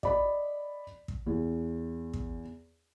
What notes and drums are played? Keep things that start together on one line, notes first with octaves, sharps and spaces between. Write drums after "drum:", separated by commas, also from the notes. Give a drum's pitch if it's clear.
D5 D#5 B5, drum: kick
drum: kick
E2
drum: kick